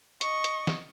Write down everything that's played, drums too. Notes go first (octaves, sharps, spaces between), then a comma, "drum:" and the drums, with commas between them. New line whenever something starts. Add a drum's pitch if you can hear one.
D#5 C#6, drum: hi-hat
drum: hi-hat
drum: snare